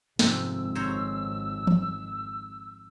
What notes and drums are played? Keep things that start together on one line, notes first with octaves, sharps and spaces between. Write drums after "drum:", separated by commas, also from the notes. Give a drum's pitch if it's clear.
G#1 F2 G#2 C3 E6, drum: snare
C5 C#5 A#5
drum: tom E3